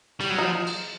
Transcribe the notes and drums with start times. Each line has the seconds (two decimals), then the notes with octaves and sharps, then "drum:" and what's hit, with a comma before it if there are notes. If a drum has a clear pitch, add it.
0.20 G3, drum: open hi-hat
0.30 F#3
0.39 F3 D#4
0.66 drum: cymbal